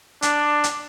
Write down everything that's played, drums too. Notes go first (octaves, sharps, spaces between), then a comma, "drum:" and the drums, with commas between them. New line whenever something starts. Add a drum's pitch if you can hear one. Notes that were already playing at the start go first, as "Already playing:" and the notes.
D4, drum: hi-hat
drum: hi-hat